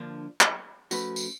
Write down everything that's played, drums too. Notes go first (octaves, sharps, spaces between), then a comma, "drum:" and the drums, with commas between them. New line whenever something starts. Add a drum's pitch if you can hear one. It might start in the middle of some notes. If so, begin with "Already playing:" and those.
Already playing: D3 F3 A#3 D4
drum: clap
F3 A3 C#4 F#4 B4, drum: tambourine
drum: tambourine